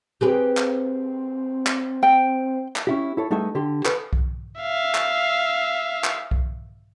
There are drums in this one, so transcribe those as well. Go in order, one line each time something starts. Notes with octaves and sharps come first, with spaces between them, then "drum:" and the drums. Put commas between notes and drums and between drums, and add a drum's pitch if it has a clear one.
C4 G4 G#4 B4
drum: clap
drum: clap
G5
drum: clap
C#4 E4 G4
E4 A4 C#5
G3 A3 B3 D#4 G#4 E5
D3 G4 C6
A4 B4, drum: clap
drum: kick B1
E5 F5
drum: clap
drum: clap
drum: kick B1